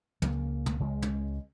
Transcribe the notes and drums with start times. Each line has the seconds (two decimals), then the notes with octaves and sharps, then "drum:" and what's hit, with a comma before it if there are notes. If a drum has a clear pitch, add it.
0.22 C#2 C#3 F3 A#3, drum: tom
0.66 drum: tom
0.80 C#2 C#3 F3 G#3
1.02 drum: tom